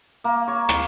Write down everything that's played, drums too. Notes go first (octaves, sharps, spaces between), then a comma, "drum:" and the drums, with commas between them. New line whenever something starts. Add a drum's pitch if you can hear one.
A#3
C#5
C#6, drum: rim click